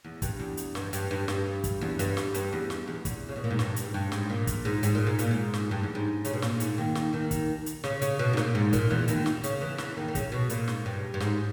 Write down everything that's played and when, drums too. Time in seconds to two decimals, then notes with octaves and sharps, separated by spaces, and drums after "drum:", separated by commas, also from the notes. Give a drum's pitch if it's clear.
0.04 E2
0.22 G2, drum: kick, hi-hat
0.40 E2
0.57 drum: hi-hat
0.75 G2, drum: snare
0.93 G2, drum: hi-hat
1.11 G2
1.28 G2, drum: snare
1.64 drum: kick, hi-hat
1.81 E2
1.99 G2, drum: hi-hat
2.17 drum: snare
2.34 G2, drum: hi-hat
2.53 E2
2.70 drum: snare
2.88 E2
3.05 E2, drum: kick, hi-hat
3.29 C#3
3.36 B2
3.44 A#2
3.51 G#2
3.59 G2, drum: snare
3.76 drum: hi-hat
3.86 G#2
3.94 G2
4.12 G#2, drum: snare
4.30 A#2
4.47 drum: kick, hi-hat
4.65 G#2
4.83 G#2, drum: hi-hat
4.95 A#2
5.07 G#2
5.19 A#2, drum: hi-hat
5.31 G#2
5.54 drum: snare
5.71 G2
5.83 E2
5.95 G#2
6.25 C#3, drum: hi-hat
6.33 B2
6.42 A#2, drum: snare
6.60 G#2, drum: hi-hat
6.78 D#2 D#3
6.95 drum: snare
7.13 D#2 D#3
7.31 drum: kick, hi-hat
7.66 drum: hi-hat
7.84 C#3, drum: snare
8.02 C#3, drum: hi-hat
8.19 B2
8.33 G#2
8.37 A#2, drum: snare
8.55 G#2
8.73 A#2, drum: kick, hi-hat
8.90 E2 E3
9.08 D#2 D#3, drum: hi-hat
9.26 drum: snare
9.44 C#3, drum: hi-hat
9.61 E2 E3
9.78 E2 E3, drum: snare
9.96 D#2 D#3
10.08 D#3
10.15 C#3, drum: kick, hi-hat
10.32 B2
10.49 A#2, drum: hi-hat
10.68 G#2, drum: snare
10.86 G2
11.14 G2
11.20 G#2, drum: snare